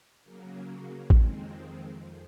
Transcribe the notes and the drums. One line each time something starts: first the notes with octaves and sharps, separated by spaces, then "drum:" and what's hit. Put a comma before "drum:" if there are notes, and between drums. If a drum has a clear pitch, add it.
C#3 F#3 A#3
F2 D#3 G#3 C4, drum: kick A1
F2